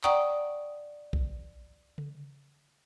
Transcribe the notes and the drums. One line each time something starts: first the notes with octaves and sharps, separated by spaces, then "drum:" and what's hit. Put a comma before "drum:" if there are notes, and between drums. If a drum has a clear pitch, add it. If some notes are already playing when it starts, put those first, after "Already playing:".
D5 F#5 G5 A#5 C#6 D#6, drum: clap
drum: kick A#1
drum: tom C#3